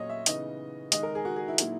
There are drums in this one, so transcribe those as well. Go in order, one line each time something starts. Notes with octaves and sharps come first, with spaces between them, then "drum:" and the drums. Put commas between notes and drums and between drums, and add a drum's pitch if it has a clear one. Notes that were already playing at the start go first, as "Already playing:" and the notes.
Already playing: A#2 F#3 C#4 C#5 D#5
E5
C#3 E3 B3 D#4 D#5, drum: hi-hat
D#3 G#3 D#4 D#5, drum: hi-hat
A#4
G#4
F#4
G#4
E4
A#2 F#3 A#3 D#4, drum: hi-hat